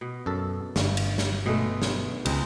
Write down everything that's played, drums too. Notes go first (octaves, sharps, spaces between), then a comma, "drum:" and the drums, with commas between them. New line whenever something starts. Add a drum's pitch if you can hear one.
B2
F#2 A4
G1, drum: snare
drum: cymbal
drum: snare
B2 G#3 A3
drum: snare
C#2 G#3 C4, drum: cymbal